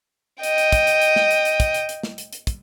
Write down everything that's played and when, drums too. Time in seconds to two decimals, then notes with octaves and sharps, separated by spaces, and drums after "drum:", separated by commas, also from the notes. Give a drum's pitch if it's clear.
0.43 D#5 G5, drum: hi-hat
0.58 drum: hi-hat
0.72 drum: kick, hi-hat
0.87 drum: hi-hat
1.02 drum: hi-hat
1.16 drum: snare
1.31 drum: hi-hat
1.45 drum: hi-hat
1.60 drum: kick, hi-hat
1.74 drum: hi-hat
1.89 drum: hi-hat
2.03 drum: snare
2.18 drum: hi-hat
2.33 drum: hi-hat
2.47 drum: kick, hi-hat